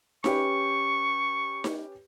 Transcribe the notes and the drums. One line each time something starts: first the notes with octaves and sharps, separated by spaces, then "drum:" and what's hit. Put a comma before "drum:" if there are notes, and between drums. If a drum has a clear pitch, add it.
C#4 G4 B4 C#6, drum: snare D#4
drum: snare D#4